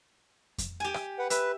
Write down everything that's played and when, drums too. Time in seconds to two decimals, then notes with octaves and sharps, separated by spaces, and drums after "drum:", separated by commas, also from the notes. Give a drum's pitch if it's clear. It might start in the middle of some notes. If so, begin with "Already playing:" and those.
0.58 drum: kick F2, hi-hat
0.80 G4 G#5
0.94 drum: rim click
1.19 B4 F#5
1.30 B4 E5, drum: hi-hat